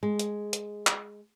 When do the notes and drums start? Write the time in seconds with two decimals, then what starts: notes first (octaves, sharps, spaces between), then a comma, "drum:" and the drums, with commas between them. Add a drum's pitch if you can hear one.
0.03 G#3
0.19 drum: hi-hat
0.53 drum: hi-hat
0.87 drum: clap